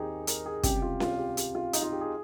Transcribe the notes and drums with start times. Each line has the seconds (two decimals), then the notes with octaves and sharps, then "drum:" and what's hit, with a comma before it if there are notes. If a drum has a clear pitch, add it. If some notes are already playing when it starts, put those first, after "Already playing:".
Already playing: D#2 D#3 C4 D#4 G4 G#4
0.27 A#4, drum: hi-hat
0.46 G#4
0.63 C#2 C3 G3 G4, drum: kick, hi-hat
0.82 F4
1.00 F4, drum: snare C#4
1.18 G4
1.37 G4, drum: hi-hat
1.55 F4
1.73 D#4, drum: hi-hat
1.82 F4
1.92 G4
2.01 G#4